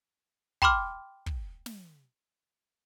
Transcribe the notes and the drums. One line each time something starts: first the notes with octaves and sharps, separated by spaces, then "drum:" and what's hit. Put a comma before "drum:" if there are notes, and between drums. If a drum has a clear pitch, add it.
G5 B5 C6 D6 F6, drum: kick
drum: kick
drum: snare